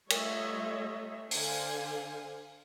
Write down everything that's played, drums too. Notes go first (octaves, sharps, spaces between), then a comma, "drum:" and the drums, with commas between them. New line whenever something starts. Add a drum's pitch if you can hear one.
G3 A3 F4 C#5 D#5 E5, drum: cymbal
D3 C5 F5 G#5, drum: open hi-hat